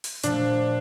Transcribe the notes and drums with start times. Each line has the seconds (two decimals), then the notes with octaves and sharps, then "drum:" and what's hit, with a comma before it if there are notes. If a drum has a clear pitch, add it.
0.04 drum: open hi-hat
0.23 A#2 F3 A3 D4, drum: hi-hat